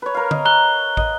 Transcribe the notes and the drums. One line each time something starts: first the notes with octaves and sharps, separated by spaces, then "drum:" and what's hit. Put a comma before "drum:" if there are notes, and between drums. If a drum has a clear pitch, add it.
B4 C#5
A#4 F5
D#5, drum: tom D3
A#5 F#6 G7
D#5, drum: kick